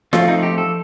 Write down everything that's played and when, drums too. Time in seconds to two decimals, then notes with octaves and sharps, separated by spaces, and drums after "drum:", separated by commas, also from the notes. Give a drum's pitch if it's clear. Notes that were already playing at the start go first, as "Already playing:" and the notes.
0.13 F3 A3 C4 F4, drum: snare F4
0.28 D#4
0.43 G4
0.58 A4